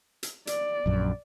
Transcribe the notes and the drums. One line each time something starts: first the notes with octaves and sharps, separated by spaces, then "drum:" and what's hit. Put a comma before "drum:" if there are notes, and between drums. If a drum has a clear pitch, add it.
drum: hi-hat
D5, drum: hi-hat
A#1 F#2